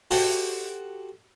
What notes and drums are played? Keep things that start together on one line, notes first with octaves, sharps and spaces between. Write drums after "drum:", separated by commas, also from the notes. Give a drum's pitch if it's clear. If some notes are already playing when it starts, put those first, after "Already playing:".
F#4 G4 A4 C5 F#5, drum: open hi-hat